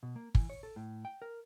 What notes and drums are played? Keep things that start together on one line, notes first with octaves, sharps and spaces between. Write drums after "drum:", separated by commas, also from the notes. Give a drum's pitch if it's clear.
B2
A#3
E3, drum: kick
C#5
A4
A2
G5
A#4